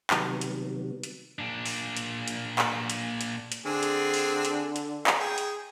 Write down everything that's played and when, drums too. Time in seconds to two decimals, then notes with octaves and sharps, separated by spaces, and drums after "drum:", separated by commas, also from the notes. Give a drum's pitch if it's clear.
0.10 C3 D#3 F#3 G3 B3, drum: clap
0.41 drum: hi-hat
1.03 drum: hi-hat
1.39 A#2 D4
1.66 drum: open hi-hat
1.97 drum: hi-hat
2.28 drum: hi-hat
2.59 drum: clap
2.90 drum: hi-hat
3.21 drum: hi-hat
3.52 drum: hi-hat
3.66 D3 C4 D4 G#4
3.83 drum: hi-hat
4.14 drum: open hi-hat
4.45 drum: hi-hat
4.76 drum: hi-hat
5.07 drum: clap
5.19 G#4 G5
5.38 drum: hi-hat